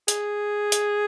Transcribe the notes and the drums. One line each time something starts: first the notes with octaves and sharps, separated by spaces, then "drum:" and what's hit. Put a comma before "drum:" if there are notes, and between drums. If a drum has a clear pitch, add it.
G#4, drum: hi-hat
drum: hi-hat